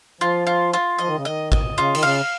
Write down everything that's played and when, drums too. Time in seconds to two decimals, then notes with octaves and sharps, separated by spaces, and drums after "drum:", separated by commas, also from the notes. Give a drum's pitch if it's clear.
0.21 F3 F4
0.47 F4
0.74 F4
0.98 F3 D#5
1.08 D#3
1.17 C#3
1.25 D#3 D#5
1.52 D#5, drum: kick
1.77 C#3 F4
1.95 D#3, drum: cymbal
2.03 C#3 F5